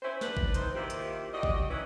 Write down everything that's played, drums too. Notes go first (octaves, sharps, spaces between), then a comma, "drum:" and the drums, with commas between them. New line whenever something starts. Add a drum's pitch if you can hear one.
C#4 E4 C5
D4 B4, drum: snare
drum: kick
C4 D#4 E4 C5, drum: hi-hat
D#3 F3 A#3 E4 F4 G4
drum: hi-hat
F#4 G4 D5 D#5
drum: kick
E3 C#4 D#4 E4 B4